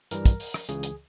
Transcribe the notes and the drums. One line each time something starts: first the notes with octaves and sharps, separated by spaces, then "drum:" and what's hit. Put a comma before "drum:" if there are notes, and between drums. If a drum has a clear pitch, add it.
G2 E3 G3 A#4, drum: hi-hat
drum: kick, hi-hat
drum: open hi-hat
drum: rim click
C#2 C#3 E3 G#4, drum: hi-hat
drum: hi-hat